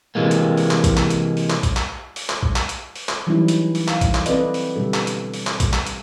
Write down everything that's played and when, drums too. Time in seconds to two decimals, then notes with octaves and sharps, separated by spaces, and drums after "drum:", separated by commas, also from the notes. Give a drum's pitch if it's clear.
0.15 C3 E3 G#3 A#3
0.31 drum: hi-hat
0.57 drum: open hi-hat
0.71 drum: clap
0.84 drum: kick A#1, hi-hat
0.97 drum: clap
1.10 drum: hi-hat
1.37 drum: open hi-hat
1.50 drum: clap
1.63 drum: kick A#1, hi-hat
1.77 drum: clap
2.16 drum: open hi-hat
2.29 drum: clap
2.43 drum: kick A#1
2.56 drum: clap
2.69 drum: hi-hat
2.96 drum: open hi-hat
3.09 drum: clap
3.27 E3 F#3 G3 C#4 D#4 E4
3.48 drum: hi-hat
3.75 drum: open hi-hat
3.88 F5, drum: clap
4.01 drum: kick A#1, hi-hat
4.15 drum: clap
4.26 C4 A4 B4 D5 D#5, drum: hi-hat
4.54 drum: open hi-hat
4.76 B2 D3 G3 D4 A4
4.94 drum: clap
5.07 drum: hi-hat
5.34 drum: open hi-hat
5.47 drum: clap
5.60 drum: kick A#1, hi-hat
5.73 drum: clap
5.86 drum: hi-hat